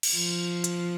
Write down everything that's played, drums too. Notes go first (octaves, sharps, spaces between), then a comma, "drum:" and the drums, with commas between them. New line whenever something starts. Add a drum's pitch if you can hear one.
drum: cymbal
F3
drum: hi-hat